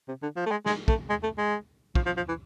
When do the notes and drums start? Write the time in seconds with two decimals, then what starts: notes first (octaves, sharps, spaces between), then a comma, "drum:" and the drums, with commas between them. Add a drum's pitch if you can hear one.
0.08 C3
0.22 D3
0.36 F3
0.46 A3
0.51 G#3
0.66 G#3, drum: snare
0.88 A3, drum: kick
1.10 G#3
1.23 A3
1.38 G#3
1.95 F3, drum: kick
2.06 F3
2.17 F3
2.28 E3